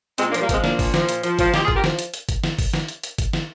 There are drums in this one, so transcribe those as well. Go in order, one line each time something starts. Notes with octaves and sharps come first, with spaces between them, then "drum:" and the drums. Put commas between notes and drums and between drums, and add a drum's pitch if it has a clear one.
A#2 G#3 C4, drum: hi-hat
A#3 D4
F3, drum: hi-hat
G3 A#3
F3 G#3 C4, drum: kick G1, hi-hat
A#2 A#3 D4, drum: snare
A#2, drum: kick G1, open hi-hat
F3, drum: snare
A#2, drum: hi-hat
F3, drum: hi-hat
F3, drum: kick G1, hi-hat
A#2 D#4 G4, drum: snare
F4 G#4
A#2, drum: kick G1
G4 A#4
F3, drum: snare
drum: hi-hat
drum: hi-hat
drum: kick G1, hi-hat
drum: snare
drum: kick G1, open hi-hat
drum: snare
drum: hi-hat
drum: hi-hat
drum: kick G1, hi-hat
drum: snare